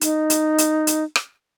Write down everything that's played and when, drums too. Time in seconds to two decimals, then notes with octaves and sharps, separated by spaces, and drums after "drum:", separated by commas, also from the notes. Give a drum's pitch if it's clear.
0.01 D#4, drum: hi-hat
0.30 drum: hi-hat
0.58 drum: hi-hat
0.87 drum: hi-hat
1.16 drum: rim click